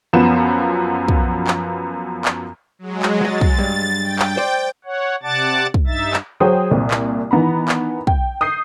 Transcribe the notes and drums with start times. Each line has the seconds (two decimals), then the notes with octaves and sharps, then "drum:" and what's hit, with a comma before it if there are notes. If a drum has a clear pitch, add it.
0.13 F#2 F3 B3 E7
1.08 drum: kick
1.47 drum: clap
2.25 drum: clap
2.79 F#3 G#3
3.03 drum: clap
3.21 F#3 D#5 A6
3.41 drum: kick
3.59 G2
4.02 G5
4.19 drum: clap
4.37 C5 D5
4.85 C#5 F#5
5.23 C3 D5 F#5 A5 D6 A6
5.74 drum: kick
5.87 G2 D#4 E5 A6
6.13 drum: clap
6.40 F#3 G#4 C5 G5 D#6
6.71 C2 A#2
6.91 drum: clap
7.31 D#3 E3 B3 A#5 B5
7.68 drum: clap
8.07 G5, drum: kick
8.41 D#6 G6 C7